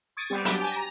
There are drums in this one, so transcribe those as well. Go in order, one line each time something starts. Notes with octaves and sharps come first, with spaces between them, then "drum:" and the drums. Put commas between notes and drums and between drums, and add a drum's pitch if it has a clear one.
C#6 D#6 G#6 A6 D7
G3 B3 C4 G4
F#3 B3 D4 G4, drum: hi-hat
G4 G#5 A5
A#5 A#6